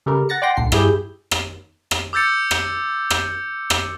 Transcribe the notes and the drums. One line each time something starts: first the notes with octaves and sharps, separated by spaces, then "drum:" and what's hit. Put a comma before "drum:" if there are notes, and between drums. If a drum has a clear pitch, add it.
C#3 G3 A3 A#4
F#5 A6 A#6 C#7
D5 F#5 G5 C6 A#6
C2 A#2 D3 C7
G2 E4 G4 G#4 G6, drum: rim click
drum: rim click
drum: rim click
D6 E6 G6 A6 C#7
drum: rim click
drum: rim click
drum: rim click